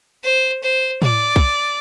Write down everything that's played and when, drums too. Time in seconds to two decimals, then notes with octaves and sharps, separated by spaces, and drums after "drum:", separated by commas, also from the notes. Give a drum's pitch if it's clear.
0.24 C5
0.63 C5
1.02 D5, drum: tom A2
1.36 drum: kick